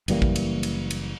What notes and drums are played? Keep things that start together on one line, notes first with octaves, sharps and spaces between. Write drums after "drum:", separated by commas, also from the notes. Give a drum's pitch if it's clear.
F#1 E3 G3 A#3, drum: cymbal
drum: kick A1
drum: cymbal
drum: cymbal
drum: cymbal